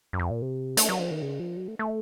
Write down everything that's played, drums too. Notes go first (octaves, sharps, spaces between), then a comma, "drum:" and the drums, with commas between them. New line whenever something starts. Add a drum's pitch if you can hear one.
F#2
F2
A#2
C3
A3, drum: hi-hat
F#3
F3
D#3
C#3
F3
F#3
A3
A3